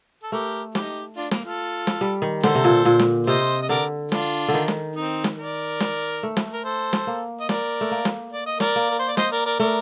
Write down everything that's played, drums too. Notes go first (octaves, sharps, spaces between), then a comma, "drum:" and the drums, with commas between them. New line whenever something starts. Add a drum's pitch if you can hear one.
A4
A3 G4 A#4
D#4 G4, drum: snare
D4 F4
A#3, drum: snare
F4 A4
drum: snare
G3
D#3
D3 A4 C5, drum: snare
C3
A#2
A#2
drum: snare
C3 C5 D#5
D#5
D3 A#4 D5
D4 F4, drum: snare
D3
D#3
drum: snare
C4 D#4
drum: snare
A#4 D5
drum: snare
A3
drum: snare
A#4
A4 C5
drum: snare
A#3
D#5
A#4 D5, drum: snare
A3
A#3
drum: snare
D5
D#5
A#4 D5, drum: snare
A#3
A#4
C5
D5
C5 D#5, drum: snare
A#4 D5
A#4 D5
A3 A#4 D5